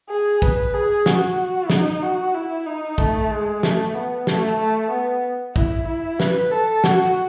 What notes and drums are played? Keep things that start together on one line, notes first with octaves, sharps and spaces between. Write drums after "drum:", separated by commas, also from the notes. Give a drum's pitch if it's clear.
G#4
B4, drum: kick
G#4
F#4, drum: snare
D#4, drum: snare
F#4
E4
D#4
A3, drum: kick
G#3
A3, drum: snare
B3
A3, drum: snare
A3
B3
E4, drum: kick
E4
B4, drum: snare
A4
F#4, drum: snare